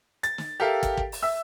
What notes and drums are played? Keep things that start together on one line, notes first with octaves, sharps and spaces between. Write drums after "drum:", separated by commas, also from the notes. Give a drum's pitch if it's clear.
A6, drum: hi-hat
drum: snare
G4 A4 A#4 E5 F5
drum: kick, hi-hat
drum: kick
drum: open hi-hat
E5 E6